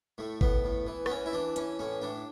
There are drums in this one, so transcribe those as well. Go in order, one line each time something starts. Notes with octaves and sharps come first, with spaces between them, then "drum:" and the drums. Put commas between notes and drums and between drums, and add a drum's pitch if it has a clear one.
A2 A3
A2 B3, drum: kick G1
A2
E3
B3, drum: rim click
E3 C#4
E4
E3 D4
E3 C#4, drum: hi-hat
A2 C#4
A2 D4